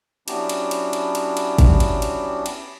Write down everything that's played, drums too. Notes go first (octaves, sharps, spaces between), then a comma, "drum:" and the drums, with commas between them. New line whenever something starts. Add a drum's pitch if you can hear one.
F#3 B3 C#4 D4 E4 G4, drum: cymbal
drum: cymbal
drum: cymbal
drum: cymbal
drum: cymbal
drum: cymbal
drum: kick, cymbal
drum: cymbal
drum: cymbal
drum: cymbal